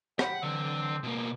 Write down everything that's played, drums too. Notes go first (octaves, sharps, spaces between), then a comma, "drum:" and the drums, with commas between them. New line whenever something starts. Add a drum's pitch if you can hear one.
F#5 G5 B5, drum: rim click
D3 E3 F#3 C4
B2 A#3